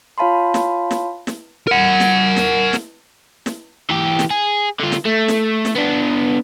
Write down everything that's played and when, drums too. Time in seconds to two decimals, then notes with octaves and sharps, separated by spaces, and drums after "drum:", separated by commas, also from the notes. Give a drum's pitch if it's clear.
0.18 F4 C#5 F5 A5 B5 C6
0.54 drum: snare
0.91 drum: snare
1.27 drum: snare
1.67 A#4 F#5
2.00 drum: snare
2.36 drum: snare
2.73 drum: snare
3.46 drum: snare
3.90 E3 G4
4.19 drum: snare
4.30 G#4
4.79 D3 F4
4.92 drum: snare
5.05 A3
5.28 drum: snare
5.65 drum: snare
5.76 B3 D4